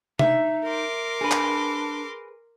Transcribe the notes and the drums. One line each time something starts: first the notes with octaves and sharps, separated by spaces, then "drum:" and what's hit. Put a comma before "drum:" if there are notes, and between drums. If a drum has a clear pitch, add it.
D#4 E5, drum: tom C3
A#4 C6 D6
D4 G#4 B4
drum: clap